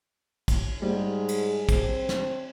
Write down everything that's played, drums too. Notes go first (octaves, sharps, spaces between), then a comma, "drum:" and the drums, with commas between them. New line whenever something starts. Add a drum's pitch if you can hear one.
drum: kick, cymbal
G#2 G3 G#4
drum: cymbal
C4, drum: kick, cymbal
drum: snare